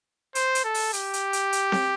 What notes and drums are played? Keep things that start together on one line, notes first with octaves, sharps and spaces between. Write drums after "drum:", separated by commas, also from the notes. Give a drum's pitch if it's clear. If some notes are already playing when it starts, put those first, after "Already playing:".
C5, drum: hi-hat
drum: hi-hat
A4
drum: open hi-hat
G4, drum: hi-hat
drum: hi-hat
drum: hi-hat
drum: hi-hat
drum: snare C4